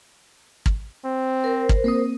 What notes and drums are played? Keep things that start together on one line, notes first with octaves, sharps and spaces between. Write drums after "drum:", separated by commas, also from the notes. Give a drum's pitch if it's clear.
drum: kick
C4
A#4 C5
drum: kick
A#3 C4 D#6